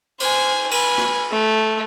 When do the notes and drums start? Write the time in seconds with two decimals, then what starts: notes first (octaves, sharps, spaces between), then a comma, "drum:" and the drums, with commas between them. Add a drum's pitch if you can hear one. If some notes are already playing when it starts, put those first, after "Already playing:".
0.20 C5 G#5, drum: cymbal
0.71 B4 G#5, drum: cymbal
0.98 drum: rim click
1.32 A3